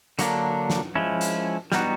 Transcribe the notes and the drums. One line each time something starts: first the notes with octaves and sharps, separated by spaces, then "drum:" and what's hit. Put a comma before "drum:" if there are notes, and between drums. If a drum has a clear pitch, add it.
D3 F#3 A#3 D4, drum: hi-hat
drum: snare
F3 G#3 C#4 E4
drum: hi-hat
G3 B3 D#4 F#4, drum: snare